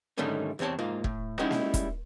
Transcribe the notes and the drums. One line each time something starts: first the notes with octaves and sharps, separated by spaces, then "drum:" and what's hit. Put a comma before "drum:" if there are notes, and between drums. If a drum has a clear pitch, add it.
G#2 D3 D#3 G3 A3 C#4
E2 C3 C4 C#5 A5
G#2 A#3 F4
A2, drum: kick E1
G3 G#3 C#4 D#4 E4 F#5
drum: snare A#3
drum: kick E1, hi-hat